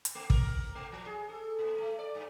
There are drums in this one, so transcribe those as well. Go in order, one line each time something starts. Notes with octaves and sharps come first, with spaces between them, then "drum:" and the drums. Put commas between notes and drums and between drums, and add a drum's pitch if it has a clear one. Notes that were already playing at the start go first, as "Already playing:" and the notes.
drum: hi-hat
A3
A#4, drum: kick
A3
F3
G#4
A4
A#2
A3
D5
G2